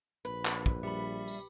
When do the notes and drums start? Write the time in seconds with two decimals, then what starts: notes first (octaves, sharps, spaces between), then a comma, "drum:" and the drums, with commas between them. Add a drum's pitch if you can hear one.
0.25 A#1 B4
0.45 drum: clap
0.66 drum: kick
0.83 G3 G4 E5 B5
1.28 drum: tambourine